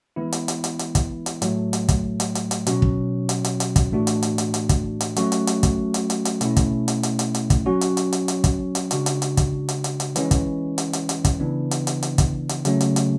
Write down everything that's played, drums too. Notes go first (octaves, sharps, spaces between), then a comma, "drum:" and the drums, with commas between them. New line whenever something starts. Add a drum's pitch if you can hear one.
E3 G#3 B3 E4
drum: hi-hat
drum: hi-hat
drum: hi-hat
drum: hi-hat
drum: kick, hi-hat
drum: hi-hat
A2 F#3 A3, drum: hi-hat
drum: hi-hat
drum: kick, hi-hat
drum: hi-hat
drum: hi-hat
drum: hi-hat
B2 F#3 C#4 F#4, drum: hi-hat
drum: kick
drum: hi-hat
drum: hi-hat
drum: hi-hat
drum: kick, hi-hat
A2 E3 A3 D4 F#4
drum: hi-hat
drum: hi-hat
drum: hi-hat
drum: hi-hat
drum: kick, hi-hat
drum: hi-hat
F#3 A3 C#4 F#4, drum: hi-hat
drum: hi-hat
drum: hi-hat
drum: kick, hi-hat
drum: hi-hat
drum: hi-hat
drum: hi-hat
B2 A3 C#4 E4, drum: hi-hat
drum: kick, hi-hat
drum: hi-hat
drum: hi-hat
drum: hi-hat
drum: hi-hat
drum: kick, hi-hat
F#3 C#4 F#4
drum: hi-hat
drum: hi-hat
drum: hi-hat
drum: hi-hat
drum: kick, hi-hat
drum: hi-hat
C#3 G#3 D4 F#4, drum: hi-hat
drum: hi-hat
drum: hi-hat
drum: kick, hi-hat
drum: hi-hat
drum: hi-hat
drum: hi-hat
E3 G#3 C#4, drum: hi-hat
drum: kick, hi-hat
drum: hi-hat
drum: hi-hat
drum: hi-hat
drum: kick, hi-hat
C#3 E3 B3 D4
drum: hi-hat
drum: hi-hat
drum: hi-hat
drum: kick, hi-hat
drum: hi-hat
C#3 F#3 A3 C#4, drum: hi-hat
drum: hi-hat
drum: hi-hat